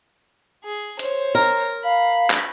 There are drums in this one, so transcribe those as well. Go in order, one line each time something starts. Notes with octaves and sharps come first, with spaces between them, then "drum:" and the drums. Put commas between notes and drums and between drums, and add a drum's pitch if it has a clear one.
G#4
C5 C#5, drum: hi-hat
A#4
F5 B5
drum: clap